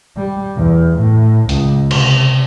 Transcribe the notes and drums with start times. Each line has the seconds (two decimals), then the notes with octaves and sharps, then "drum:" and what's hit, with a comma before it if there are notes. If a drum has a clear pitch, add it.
0.17 G3
0.56 E2
0.98 A2
1.49 C#2, drum: hi-hat
1.91 C3, drum: cymbal